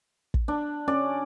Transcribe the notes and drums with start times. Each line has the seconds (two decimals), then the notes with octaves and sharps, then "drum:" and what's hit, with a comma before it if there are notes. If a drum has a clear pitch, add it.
0.34 drum: kick
0.48 D4
0.88 C#4 D5